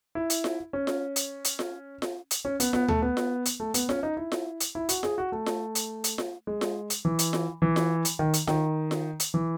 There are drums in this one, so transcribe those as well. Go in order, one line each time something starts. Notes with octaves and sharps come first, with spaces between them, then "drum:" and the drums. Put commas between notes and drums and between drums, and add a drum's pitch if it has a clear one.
E4
drum: hi-hat
drum: snare F4
C#4
drum: snare F4
drum: hi-hat
drum: hi-hat
drum: snare F4
drum: snare F4
drum: hi-hat
C#4
B3, drum: hi-hat
B3, drum: snare F4
A3, drum: tom D2
B3
drum: snare F4
drum: hi-hat
A3
B3, drum: hi-hat
C#4, drum: snare F4
D#4
E4
drum: snare F4
drum: hi-hat
E4
F#4, drum: hi-hat
G#4, drum: snare F4
F#4
A3
drum: snare F4
drum: hi-hat
drum: hi-hat
drum: snare F4
G#3
drum: snare F4
drum: hi-hat
E3
drum: hi-hat
drum: snare F4
E3
drum: snare F4
drum: hi-hat
D#3
drum: hi-hat
D#3, drum: snare F4
drum: snare F4
drum: hi-hat
E3